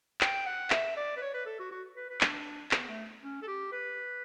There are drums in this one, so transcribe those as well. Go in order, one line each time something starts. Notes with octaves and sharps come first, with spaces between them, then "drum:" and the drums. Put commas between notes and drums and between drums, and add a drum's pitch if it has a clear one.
G5, drum: clap
F#5
E5, drum: clap
D5
B4
C#5
B4
A4
F#4
F#4
B4
B4
D4, drum: clap
B3, drum: clap
A3
C#4
A4
G4
B4